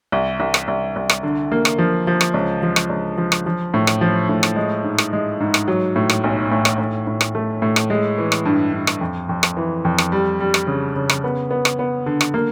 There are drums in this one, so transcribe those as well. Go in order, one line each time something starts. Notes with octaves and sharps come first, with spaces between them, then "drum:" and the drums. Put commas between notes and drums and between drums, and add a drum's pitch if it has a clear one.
C2
C2
drum: rim click
C2
C2
drum: rim click
D3
A#3
drum: rim click
F3
F3
drum: rim click
C#2
F3
drum: rim click
C#2
F3
drum: rim click
F3
A2
drum: rim click
F3
A2
drum: rim click
G#3
G#2
drum: rim click
G#3
G#2
drum: rim click
F#3
A2
drum: rim click
B1
A2
drum: rim click
A2
A2
drum: rim click
A3
A2
drum: rim click
G#3
E3
drum: rim click
G2
G2
drum: rim click
F2
F2
drum: rim click
E3
F2
drum: rim click
G3
G3
drum: rim click
C#3
C#3
drum: rim click
B3
B3
drum: rim click
B3
D3
drum: rim click
A#3